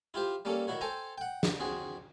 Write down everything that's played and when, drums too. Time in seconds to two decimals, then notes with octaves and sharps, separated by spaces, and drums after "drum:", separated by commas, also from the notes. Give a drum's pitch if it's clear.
0.14 E4 F4 G4 C5
0.45 G3 A#3 C#4 A4
0.67 D#3 E4 F#4 C#5
0.81 A4 C5 G5 G#5 A#5
1.18 F#5 G5
1.43 drum: snare
1.60 C4 F#4 G#4